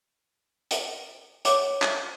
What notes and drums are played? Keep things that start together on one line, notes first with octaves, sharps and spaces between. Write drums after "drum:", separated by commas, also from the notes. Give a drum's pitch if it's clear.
drum: hi-hat
C#5 D6, drum: hi-hat
drum: clap